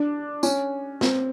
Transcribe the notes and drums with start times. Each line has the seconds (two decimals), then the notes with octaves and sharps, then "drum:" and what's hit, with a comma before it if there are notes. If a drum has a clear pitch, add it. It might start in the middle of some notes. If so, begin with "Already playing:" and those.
Already playing: D4
0.43 C#4, drum: tambourine
1.01 C4, drum: snare